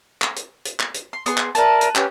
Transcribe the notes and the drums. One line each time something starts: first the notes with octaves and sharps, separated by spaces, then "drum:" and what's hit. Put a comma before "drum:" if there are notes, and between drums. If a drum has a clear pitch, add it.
drum: clap
drum: hi-hat
drum: hi-hat
drum: clap
drum: hi-hat
C6
B3 G#4 C6, drum: hi-hat
drum: clap
A#4 B4 D5 E5 A5, drum: hi-hat
drum: hi-hat
C#4 G4 B4, drum: clap